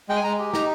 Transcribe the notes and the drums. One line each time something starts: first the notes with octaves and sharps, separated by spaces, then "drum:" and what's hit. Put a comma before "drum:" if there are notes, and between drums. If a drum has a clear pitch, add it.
G#3 G5
G#5
G#3 A#5
G4
D#4 A#5, drum: snare